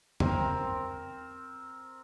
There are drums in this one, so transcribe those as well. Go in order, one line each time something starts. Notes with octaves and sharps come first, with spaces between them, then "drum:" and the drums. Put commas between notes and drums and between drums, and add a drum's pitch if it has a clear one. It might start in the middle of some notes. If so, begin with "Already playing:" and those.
C4 A#4, drum: tom